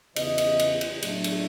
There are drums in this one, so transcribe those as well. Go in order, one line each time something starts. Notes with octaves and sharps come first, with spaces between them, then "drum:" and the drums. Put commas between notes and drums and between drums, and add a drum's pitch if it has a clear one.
E2 C#3 E3 D#5, drum: cymbal
drum: cymbal
drum: cymbal
drum: cymbal
A2 F#3 A3 D4, drum: cymbal
drum: cymbal